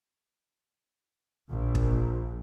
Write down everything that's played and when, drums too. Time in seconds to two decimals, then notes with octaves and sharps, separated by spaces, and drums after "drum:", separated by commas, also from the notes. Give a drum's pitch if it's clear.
1.49 A#1
1.75 drum: kick